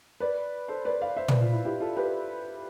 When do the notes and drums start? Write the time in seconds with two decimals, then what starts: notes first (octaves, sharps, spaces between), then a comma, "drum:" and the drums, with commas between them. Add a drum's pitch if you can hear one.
0.20 B4 D5
0.68 A4 C5
0.85 B4 D5
1.01 D5 F5
1.16 C5 E5
1.28 B4 D5, drum: tom
1.41 F4
1.52 E4
1.65 E4 G4
1.80 F4 A4
1.97 G4 B4